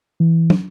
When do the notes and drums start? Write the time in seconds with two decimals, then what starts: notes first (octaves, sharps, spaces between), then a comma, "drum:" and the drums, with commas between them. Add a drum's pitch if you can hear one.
0.20 E3
0.50 drum: tom